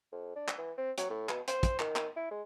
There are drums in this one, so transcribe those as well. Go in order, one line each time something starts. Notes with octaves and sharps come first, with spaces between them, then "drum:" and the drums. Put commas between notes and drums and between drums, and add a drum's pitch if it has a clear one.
F2
D4
drum: clap
E3
C4
F#3, drum: hi-hat
A2
B2, drum: clap
C5, drum: hi-hat
drum: kick, hi-hat
D#3, drum: clap
drum: clap
E4
G#3